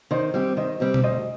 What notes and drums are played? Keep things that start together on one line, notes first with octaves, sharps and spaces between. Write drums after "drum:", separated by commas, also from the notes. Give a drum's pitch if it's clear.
D#3 C5 D#5
G3 C4 G4
D#3 C5 D#5
G3 C4 G4
drum: tom B2
D2 C5 D#5